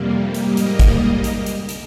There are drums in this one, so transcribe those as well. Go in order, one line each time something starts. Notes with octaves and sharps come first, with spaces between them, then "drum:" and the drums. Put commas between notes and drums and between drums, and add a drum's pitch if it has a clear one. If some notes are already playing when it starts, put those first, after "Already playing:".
Already playing: F2 C3 G3 A#3
G#2 G3 A#3 D#5, drum: hi-hat
drum: hi-hat
drum: kick, hi-hat
drum: hi-hat
drum: hi-hat
drum: hi-hat